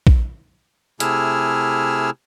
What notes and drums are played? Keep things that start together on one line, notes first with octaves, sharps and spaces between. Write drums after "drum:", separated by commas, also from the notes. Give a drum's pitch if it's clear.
drum: kick
C3 A3 E4 G#4 E6 F6, drum: hi-hat